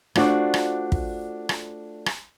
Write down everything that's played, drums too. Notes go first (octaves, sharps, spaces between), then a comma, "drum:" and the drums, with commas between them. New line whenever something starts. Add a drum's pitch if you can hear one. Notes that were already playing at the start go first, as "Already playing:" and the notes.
A3 D4 F4 F#4 C5 D5, drum: rim click
drum: rim click
drum: kick
drum: rim click
drum: rim click